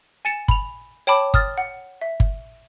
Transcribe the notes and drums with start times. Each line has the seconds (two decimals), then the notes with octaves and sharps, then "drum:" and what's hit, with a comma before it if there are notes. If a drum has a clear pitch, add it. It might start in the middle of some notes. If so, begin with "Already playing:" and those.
0.25 G#5 A6 C#7 E7
0.48 B5 F7, drum: kick G1
1.07 C#5 G5 A5 B5 D6
1.34 D#6 F6 A6, drum: kick G1
1.58 F#5
2.01 E5
2.20 drum: kick G1